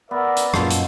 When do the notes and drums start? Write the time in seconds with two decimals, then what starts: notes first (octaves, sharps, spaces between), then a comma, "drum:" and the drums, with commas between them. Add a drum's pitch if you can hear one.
0.11 B3 A#4 D5 E5
0.37 drum: hi-hat
0.54 F#2 A#2 D#4 F4 A5, drum: rim click
0.71 drum: hi-hat